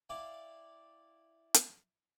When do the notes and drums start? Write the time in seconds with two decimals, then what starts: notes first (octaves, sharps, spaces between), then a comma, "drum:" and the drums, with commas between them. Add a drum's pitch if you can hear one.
0.09 E4 D5 F5 G5
1.54 drum: hi-hat